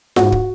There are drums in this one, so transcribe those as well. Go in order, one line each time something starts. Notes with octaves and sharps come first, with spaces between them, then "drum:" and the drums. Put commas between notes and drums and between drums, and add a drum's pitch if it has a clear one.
G#2 F#4, drum: snare F4
drum: kick